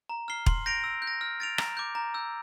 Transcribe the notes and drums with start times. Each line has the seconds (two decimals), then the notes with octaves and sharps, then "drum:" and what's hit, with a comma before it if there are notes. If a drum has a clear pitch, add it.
0.09 A#5
0.28 F6 C7 G7
0.46 C6, drum: kick
0.66 G6 A#6 D7 F7
0.84 E6
1.02 G6
1.07 A#6
1.21 F6
1.40 A6 D7 F7
1.58 A#5, drum: rim click
1.77 D6 G6
1.95 A#5
2.14 E6 G6